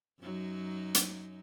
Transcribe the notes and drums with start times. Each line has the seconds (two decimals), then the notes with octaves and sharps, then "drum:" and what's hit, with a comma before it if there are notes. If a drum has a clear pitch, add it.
0.21 F#2 F#3 D#4
0.95 drum: hi-hat